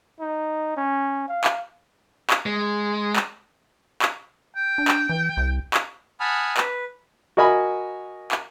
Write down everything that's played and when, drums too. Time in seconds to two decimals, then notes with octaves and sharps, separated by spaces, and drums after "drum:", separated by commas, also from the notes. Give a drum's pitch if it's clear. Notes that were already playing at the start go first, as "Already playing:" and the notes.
0.20 D#4
0.77 C#4
1.28 F5
1.44 drum: clap
2.30 drum: clap
2.46 G#3
3.16 drum: clap
4.02 drum: clap
4.56 G5
4.78 D4
4.88 drum: clap
5.09 E3
5.37 C2
5.74 drum: clap
6.20 F#5 G#5 A5 B5 D#6 F6
6.57 B4, drum: clap
7.37 F#4 A#4 D#5 G#5 B5
8.32 drum: clap